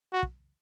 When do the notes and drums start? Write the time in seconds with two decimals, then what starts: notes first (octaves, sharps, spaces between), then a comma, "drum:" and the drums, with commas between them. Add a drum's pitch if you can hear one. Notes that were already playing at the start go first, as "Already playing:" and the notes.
0.13 F#4
0.23 drum: kick